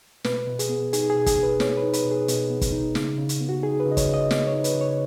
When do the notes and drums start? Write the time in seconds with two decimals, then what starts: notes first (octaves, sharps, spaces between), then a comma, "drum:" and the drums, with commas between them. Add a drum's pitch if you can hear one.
0.24 B2 B4, drum: snare
0.47 B2
0.59 G#4, drum: hi-hat
0.69 B3
0.93 D#4 G#4, drum: hi-hat
1.10 G#4
1.15 B2
1.26 G#4, drum: kick, hi-hat
1.38 B2
1.43 B4
1.60 B3 C#5, drum: snare
1.77 B4
1.83 D#4
1.93 B4, drum: hi-hat
2.05 B2
2.11 G#4
2.28 B2, drum: hi-hat
2.50 B3
2.61 drum: kick, hi-hat
2.72 D#4
2.95 C#3, drum: snare
3.18 C#3
3.29 drum: hi-hat
3.40 B3
3.49 F#4
3.62 D#4 G#4
3.80 B4
3.86 C#3
3.92 D#5
3.97 C#5, drum: kick, hi-hat
4.09 C#3
4.14 D#5
4.31 B3 D#5, drum: snare
4.47 C#5
4.53 D#4
4.64 B4, drum: hi-hat
4.75 C#3
4.81 C#5